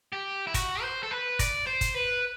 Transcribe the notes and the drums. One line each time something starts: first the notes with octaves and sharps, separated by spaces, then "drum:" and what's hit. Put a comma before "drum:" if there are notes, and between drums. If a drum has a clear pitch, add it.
G4
E4
F#4, drum: kick, hi-hat
C5
A4
B4
D5, drum: kick, hi-hat
C5
drum: kick, hi-hat
B4